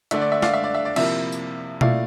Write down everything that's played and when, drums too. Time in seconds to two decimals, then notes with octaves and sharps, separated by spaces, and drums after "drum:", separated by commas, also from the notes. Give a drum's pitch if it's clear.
0.11 D3 A3 D4 E5, drum: hi-hat
0.21 D5
0.32 E5
0.42 D5 F5, drum: snare
0.54 E5
0.64 D5
0.74 E5
0.85 D5
0.96 C3 F3 A#3 E4 E5, drum: cymbal
1.32 drum: tambourine
1.81 A#2 A3 E4 D5 F5, drum: tom B2